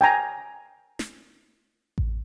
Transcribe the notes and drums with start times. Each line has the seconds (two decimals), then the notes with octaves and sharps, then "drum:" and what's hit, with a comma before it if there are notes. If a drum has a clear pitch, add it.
0.01 G5 G#5 A#5
0.99 drum: snare
1.98 drum: kick A1